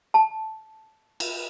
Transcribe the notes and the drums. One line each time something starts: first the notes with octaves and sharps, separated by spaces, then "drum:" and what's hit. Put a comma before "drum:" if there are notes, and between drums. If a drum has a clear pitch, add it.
A5
drum: cymbal